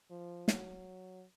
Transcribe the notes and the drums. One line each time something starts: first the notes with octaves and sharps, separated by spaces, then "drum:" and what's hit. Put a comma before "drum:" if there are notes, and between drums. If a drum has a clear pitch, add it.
F3
F#3, drum: snare